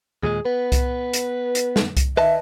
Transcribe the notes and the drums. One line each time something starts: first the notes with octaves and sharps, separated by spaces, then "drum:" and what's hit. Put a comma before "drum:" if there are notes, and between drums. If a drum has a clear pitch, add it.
D#2 A#2 G#3 G#4
B3 B4
drum: kick C2, hi-hat
drum: hi-hat
drum: hi-hat
drum: snare
drum: kick C2, hi-hat
D#3 B4 D#5 E5 A5